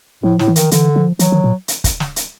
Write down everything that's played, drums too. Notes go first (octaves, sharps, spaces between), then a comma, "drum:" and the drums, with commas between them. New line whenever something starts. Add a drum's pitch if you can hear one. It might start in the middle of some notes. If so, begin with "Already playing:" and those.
A2 F3
A2, drum: snare
E3
D#3, drum: hi-hat
D3 E3, drum: hi-hat
F3
E3 F#3, drum: hi-hat
D#3
A#2
drum: hi-hat
drum: kick, hi-hat
drum: snare
drum: hi-hat